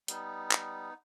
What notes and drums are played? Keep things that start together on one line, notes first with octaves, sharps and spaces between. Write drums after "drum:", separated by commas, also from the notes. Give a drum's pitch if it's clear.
G3 B3 D#4, drum: hi-hat
drum: clap